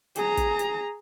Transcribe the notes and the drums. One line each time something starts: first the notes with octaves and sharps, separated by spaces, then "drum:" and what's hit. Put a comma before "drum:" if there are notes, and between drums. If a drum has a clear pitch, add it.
G#4 A#5, drum: hi-hat
drum: kick, hi-hat
drum: hi-hat